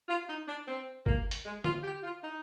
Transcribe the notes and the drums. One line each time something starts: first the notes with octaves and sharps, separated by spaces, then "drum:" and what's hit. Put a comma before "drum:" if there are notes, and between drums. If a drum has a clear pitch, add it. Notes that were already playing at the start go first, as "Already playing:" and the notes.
F4
D#4
D4
C4
A#3, drum: kick G1
drum: hi-hat
G#3
F4, drum: tom D3
G4
F4
D#4